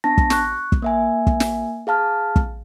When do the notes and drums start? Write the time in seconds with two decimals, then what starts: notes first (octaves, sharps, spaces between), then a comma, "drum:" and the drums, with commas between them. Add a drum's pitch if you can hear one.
0.04 B3 D4 A5 A#6
0.18 drum: kick
0.30 C#6 F#6, drum: snare
0.72 drum: kick
0.82 A#3 E5 G#5
1.27 drum: kick
1.40 drum: snare
1.87 G#4 F5 A5 F6
2.36 drum: kick